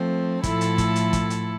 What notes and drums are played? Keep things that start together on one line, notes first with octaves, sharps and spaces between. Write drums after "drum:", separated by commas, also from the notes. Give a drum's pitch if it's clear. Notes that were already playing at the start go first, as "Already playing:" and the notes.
Already playing: F3 A3 C4
A2 F3 A3 E4 A4, drum: kick, hi-hat
drum: hi-hat
drum: kick, hi-hat
drum: hi-hat
drum: kick, hi-hat
drum: hi-hat